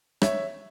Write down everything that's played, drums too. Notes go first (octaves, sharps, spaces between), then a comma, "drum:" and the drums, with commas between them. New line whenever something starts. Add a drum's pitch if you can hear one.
C#5 E5, drum: rim click